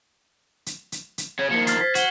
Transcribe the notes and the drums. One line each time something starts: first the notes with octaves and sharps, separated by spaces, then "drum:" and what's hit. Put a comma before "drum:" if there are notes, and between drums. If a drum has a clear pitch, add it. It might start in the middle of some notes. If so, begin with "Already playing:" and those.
drum: hi-hat
drum: hi-hat
drum: hi-hat
C#3 C#5 G#6
D#3 F3 A#3 C#7
F6 A6 C7, drum: hi-hat
C5 B6
F#4 G#6 F#7 G7, drum: hi-hat